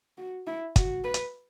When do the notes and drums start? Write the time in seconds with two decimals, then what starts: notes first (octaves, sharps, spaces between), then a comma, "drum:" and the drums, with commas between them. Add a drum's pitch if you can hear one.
0.18 F#4
0.47 E4
0.76 F#4, drum: kick, hi-hat
1.04 B4
1.14 drum: hi-hat